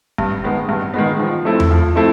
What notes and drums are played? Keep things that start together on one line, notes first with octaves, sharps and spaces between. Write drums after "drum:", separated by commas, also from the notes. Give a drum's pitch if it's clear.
G2, drum: kick
D#3 G#3 B3
G2
D#3 G#3 B3
F3
A3 C4 E4 A4
drum: tom E2
F3
A3 C4 E4 A4